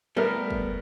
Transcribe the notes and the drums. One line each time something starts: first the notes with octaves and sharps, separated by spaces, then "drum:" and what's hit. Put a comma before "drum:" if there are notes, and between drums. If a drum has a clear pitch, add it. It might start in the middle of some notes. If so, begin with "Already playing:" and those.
G3 A3 B3 A#4
drum: kick